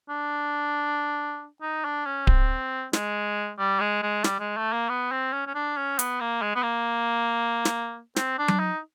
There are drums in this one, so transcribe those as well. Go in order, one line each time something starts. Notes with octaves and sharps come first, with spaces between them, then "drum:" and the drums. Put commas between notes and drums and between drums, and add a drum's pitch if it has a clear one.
D4
D#4
D4
C#4
C4, drum: kick D1
G#3, drum: snare
G3
G#3
G#3
G3, drum: snare
G#3
A3
A#3
B3
C4
C#4
C#4
D4
C#4
B3, drum: hi-hat
A#3
G#3
B3
A#3
drum: snare
C4, drum: snare
D4
drum: tom F#3
D#4